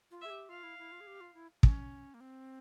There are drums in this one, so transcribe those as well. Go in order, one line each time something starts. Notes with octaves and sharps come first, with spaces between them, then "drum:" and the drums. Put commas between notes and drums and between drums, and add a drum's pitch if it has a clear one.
F4
E5
G#4
G4
F4 F5
E4
E4
F4
G#4
G4
F4
E4
C#4, drum: kick
A#3
C4